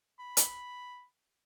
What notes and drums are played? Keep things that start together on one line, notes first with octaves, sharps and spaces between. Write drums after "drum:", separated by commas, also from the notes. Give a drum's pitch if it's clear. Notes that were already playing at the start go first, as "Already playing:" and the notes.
B5
drum: hi-hat